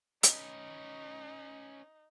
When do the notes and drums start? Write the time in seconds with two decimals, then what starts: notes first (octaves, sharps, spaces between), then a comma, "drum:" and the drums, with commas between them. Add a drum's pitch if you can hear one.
0.23 C#4 D#4 B4, drum: hi-hat